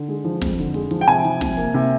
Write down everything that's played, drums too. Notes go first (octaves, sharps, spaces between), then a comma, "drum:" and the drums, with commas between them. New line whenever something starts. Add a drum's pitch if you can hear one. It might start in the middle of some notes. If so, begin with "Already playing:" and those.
Already playing: D3
G#3
F3
F2, drum: snare
D3, drum: hi-hat
G#3, drum: hi-hat
F3, drum: open hi-hat
G5
C3 G#5, drum: hi-hat
F3, drum: hi-hat
C3, drum: snare
A#3, drum: hi-hat
C3